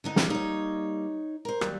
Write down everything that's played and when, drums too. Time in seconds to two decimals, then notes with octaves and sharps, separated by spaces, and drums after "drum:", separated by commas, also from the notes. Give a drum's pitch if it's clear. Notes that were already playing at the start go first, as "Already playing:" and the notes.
0.04 D3 B3 D#4
0.16 G3 A#3, drum: snare
0.30 D#4 C#5
1.45 A#4 C5
1.61 D#2 F#3 G3, drum: rim click